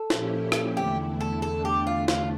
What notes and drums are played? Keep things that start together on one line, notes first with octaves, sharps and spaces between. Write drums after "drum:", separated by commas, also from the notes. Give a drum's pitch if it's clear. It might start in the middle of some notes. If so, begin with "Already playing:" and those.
Already playing: A4
A#2 F3 C#4 E4 G4, drum: snare
drum: rim click
E2 D3 A3 E4 G4
A4
E2 D3 A3 D4 A4
G4
F4
F4, drum: snare